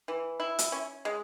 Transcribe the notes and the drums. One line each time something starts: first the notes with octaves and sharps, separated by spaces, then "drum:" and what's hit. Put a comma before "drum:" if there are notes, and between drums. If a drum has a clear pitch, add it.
E3
E4
drum: hi-hat
C#4
G#3